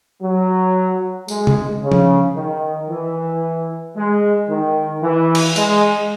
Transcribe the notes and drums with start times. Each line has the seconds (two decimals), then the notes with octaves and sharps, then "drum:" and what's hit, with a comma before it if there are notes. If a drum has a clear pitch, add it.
0.22 F#3
1.28 G#3, drum: tambourine
1.47 drum: tom C3
1.83 C#3
1.92 drum: tom F3
2.35 D#3
2.89 E3
3.96 G#3
4.49 D#3
5.02 E3
5.35 drum: cymbal
5.56 G#3, drum: hi-hat